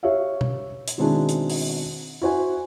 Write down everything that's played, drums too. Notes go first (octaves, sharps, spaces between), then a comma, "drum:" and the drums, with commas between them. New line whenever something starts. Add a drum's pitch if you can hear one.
G4 C#5 E5 F5
drum: tom
drum: hi-hat
B2 D#3 G#3 C4 D4 E4
drum: hi-hat
drum: open hi-hat
E4 F#4 C5 G#5